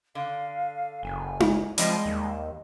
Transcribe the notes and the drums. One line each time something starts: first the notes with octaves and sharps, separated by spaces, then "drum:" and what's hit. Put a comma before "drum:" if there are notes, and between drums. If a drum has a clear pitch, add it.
D3 F5
F#1 G#5
drum: tom D#4
F3 G3 G#3 C4 D#5, drum: hi-hat
D#2